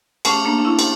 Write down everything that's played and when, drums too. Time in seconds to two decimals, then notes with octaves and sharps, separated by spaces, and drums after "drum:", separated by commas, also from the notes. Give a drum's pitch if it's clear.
0.25 A3 C#4 A5 D6 F6 C#7 F7, drum: cymbal
0.45 A#3 D4
0.59 D4
0.65 C#4 E4
0.79 drum: cymbal